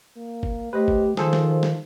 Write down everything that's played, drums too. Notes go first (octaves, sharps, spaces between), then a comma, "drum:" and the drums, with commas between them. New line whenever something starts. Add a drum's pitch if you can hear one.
A#3
drum: kick
A3 G4 B4 C5 D#5
drum: kick
D#3 F3 G#4 A4 C5, drum: snare
drum: snare
drum: snare